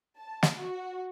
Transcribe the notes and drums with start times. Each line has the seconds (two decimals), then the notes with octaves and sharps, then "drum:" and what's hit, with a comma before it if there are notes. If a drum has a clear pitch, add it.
0.17 A5
0.43 drum: snare
0.57 F#4